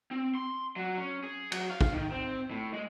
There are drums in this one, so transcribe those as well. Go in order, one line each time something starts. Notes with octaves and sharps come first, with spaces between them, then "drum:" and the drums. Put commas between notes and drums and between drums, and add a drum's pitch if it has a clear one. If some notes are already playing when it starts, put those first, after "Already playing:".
C4
C6
F#3
C#4
G#4
F#3, drum: cymbal
F5
drum: kick
D#3
C4
A2
G#3